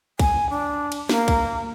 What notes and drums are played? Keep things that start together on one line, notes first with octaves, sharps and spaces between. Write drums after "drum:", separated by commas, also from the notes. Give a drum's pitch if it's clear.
G#5, drum: kick, cymbal
D4
drum: cymbal
A#3, drum: snare
drum: kick, cymbal